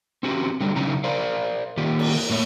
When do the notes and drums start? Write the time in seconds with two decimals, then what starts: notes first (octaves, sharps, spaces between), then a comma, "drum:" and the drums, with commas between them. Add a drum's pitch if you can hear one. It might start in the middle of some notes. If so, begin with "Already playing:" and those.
0.23 C4 C#4 F#4 G4
0.61 D3 F#3 G3
0.76 C#3 F#3 C#4 D#4 E4 A#5
1.04 A#4 C5 D5 F5
1.77 D#3 A#3 F4 G4
1.99 drum: cymbal
2.30 A2 A#3 C#5